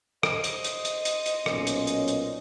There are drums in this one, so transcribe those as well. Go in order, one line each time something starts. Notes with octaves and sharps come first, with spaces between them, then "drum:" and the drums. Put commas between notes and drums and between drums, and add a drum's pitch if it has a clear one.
C5 D#5, drum: rim click
drum: hi-hat
drum: hi-hat
drum: hi-hat
drum: hi-hat
drum: hi-hat
B1 A#2 C#4, drum: rim click
drum: hi-hat
drum: hi-hat
drum: hi-hat